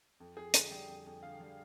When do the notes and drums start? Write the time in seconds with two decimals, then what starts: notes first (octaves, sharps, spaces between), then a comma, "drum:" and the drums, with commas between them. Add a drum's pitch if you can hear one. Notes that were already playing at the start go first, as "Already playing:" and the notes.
0.20 F2
0.37 F2 G#4
0.54 D3, drum: hi-hat
0.71 G3 G5
0.89 F2
1.06 F2
1.23 D3 F5
1.40 G3